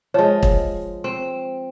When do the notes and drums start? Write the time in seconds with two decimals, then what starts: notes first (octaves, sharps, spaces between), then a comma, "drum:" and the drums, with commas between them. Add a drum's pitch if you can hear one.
0.14 F3 G#3 C#5
0.43 drum: kick
1.04 C4